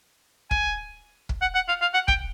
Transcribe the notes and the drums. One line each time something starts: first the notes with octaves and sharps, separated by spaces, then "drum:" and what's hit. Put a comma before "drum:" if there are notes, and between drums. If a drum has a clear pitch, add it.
G#5, drum: kick
drum: kick
F#5
F#5
F5
F5
F#5
G5, drum: kick